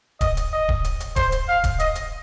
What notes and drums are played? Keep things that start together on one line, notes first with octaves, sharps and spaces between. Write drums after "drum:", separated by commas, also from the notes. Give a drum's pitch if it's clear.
D#5, drum: kick D1, hi-hat
drum: hi-hat
D#5
drum: kick D1
drum: hi-hat
drum: hi-hat
C5, drum: kick D1, hi-hat
drum: hi-hat
F5
drum: kick D1, hi-hat
D#5, drum: hi-hat
drum: hi-hat